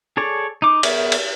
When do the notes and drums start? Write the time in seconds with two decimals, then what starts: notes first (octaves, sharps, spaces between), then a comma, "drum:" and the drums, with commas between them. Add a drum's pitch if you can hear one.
0.17 G#4 A4 C#5 D5
0.62 D#4 D6
0.83 B3 G#4 A#4 C#5 E5, drum: cymbal
1.12 drum: cymbal